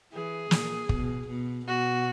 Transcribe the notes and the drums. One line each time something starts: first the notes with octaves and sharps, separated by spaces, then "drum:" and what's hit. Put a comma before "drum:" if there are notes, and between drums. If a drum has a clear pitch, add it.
E3 G#4
A#2, drum: snare
B2, drum: kick
B2
B2 F#4